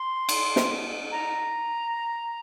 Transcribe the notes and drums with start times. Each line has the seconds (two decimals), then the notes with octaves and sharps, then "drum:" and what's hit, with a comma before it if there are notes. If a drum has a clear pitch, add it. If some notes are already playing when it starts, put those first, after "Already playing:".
Already playing: C6
0.29 drum: cymbal
0.56 drum: snare
1.11 A#5